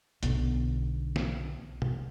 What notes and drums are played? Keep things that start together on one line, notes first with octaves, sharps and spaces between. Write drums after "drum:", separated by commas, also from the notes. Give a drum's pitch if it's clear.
B1 D3, drum: hi-hat
drum: snare
drum: tom B2